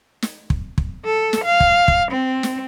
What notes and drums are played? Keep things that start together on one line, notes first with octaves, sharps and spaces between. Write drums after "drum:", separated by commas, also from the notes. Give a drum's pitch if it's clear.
drum: snare
drum: kick
drum: kick
A4
drum: snare
F5
drum: kick
drum: kick
C4
drum: snare